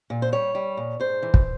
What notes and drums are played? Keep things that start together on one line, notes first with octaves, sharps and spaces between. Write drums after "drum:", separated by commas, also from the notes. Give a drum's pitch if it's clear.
A#2
C5
G3 C#5
G3
A#2
G#2 C5
E3
drum: kick